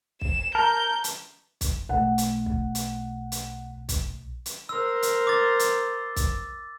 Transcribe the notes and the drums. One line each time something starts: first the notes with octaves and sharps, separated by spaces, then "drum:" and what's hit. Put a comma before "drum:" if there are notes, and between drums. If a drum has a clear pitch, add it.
E7, drum: kick
A#4 A5 A#5 G6
drum: hi-hat
drum: kick, hi-hat
B1 A3 F#5
drum: hi-hat
drum: kick
drum: hi-hat
drum: hi-hat
drum: kick, hi-hat
drum: hi-hat
A#4 C5 E6
drum: hi-hat
D6 A6
drum: hi-hat
drum: kick, hi-hat